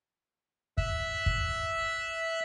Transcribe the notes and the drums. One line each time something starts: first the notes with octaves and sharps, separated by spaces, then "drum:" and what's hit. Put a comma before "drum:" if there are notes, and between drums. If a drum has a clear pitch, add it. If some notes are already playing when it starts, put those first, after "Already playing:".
E5 E6 F#6, drum: kick
drum: kick